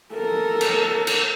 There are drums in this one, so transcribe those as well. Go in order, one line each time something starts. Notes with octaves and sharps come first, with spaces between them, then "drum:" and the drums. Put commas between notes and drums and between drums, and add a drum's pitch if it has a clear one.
A4 A#4
drum: cymbal
drum: cymbal